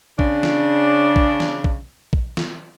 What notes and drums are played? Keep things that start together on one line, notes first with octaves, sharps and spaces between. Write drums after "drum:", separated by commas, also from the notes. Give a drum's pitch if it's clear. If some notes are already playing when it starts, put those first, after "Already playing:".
C#3 D4, drum: kick A#1
drum: snare
drum: kick A#1
drum: snare
drum: kick A#1
drum: kick A#1
drum: snare